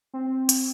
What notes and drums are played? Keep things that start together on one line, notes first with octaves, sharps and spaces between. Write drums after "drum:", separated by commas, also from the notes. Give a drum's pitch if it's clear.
C4
drum: hi-hat